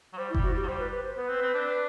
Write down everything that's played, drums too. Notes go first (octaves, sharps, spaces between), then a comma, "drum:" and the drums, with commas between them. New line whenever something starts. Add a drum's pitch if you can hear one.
F#3
G3 C5
E4
G3, drum: kick F#1
F#4
G3 G4
F#3
G3 C5
B4
B4
C5
B3 B4
C4
C4
D4